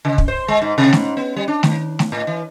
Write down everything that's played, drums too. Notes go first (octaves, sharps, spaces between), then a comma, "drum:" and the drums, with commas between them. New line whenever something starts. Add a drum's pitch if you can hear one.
C#3
drum: kick
C5
G#3
G#2
C3
G#2, drum: snare A3
B3
G3
D4
D#3, drum: snare A3
drum: snare A3
A2
E3